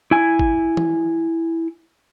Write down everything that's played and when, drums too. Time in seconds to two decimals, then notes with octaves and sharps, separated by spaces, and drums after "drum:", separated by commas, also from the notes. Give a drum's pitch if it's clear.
0.11 E4 G#5
0.39 drum: kick
0.77 drum: tom E3